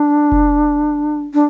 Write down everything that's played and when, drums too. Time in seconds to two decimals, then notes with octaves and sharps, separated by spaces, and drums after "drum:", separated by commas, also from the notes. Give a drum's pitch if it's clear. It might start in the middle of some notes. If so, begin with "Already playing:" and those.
Already playing: D4
0.32 drum: kick F1
1.34 D4